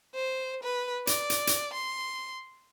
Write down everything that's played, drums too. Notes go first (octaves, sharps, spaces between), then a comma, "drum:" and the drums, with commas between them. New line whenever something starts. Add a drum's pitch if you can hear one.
C5
B4
D5, drum: hi-hat
drum: hi-hat
drum: hi-hat
C6